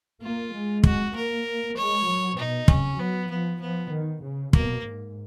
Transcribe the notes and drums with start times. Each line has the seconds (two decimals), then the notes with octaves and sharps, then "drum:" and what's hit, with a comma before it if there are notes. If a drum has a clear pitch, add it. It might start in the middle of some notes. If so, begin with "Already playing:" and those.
0.21 A#3 F4
0.53 G#3
0.84 F#4, drum: kick
1.14 A#3 A#4
1.76 G#3 C#5
2.06 F#3
2.37 B2 D#4
2.68 C#3 C#4, drum: kick
2.99 F#3 B3
3.30 F3 B3
3.60 F3 B3
3.91 D#3
4.23 C#3
4.53 B2 A#3, drum: kick
4.85 G#2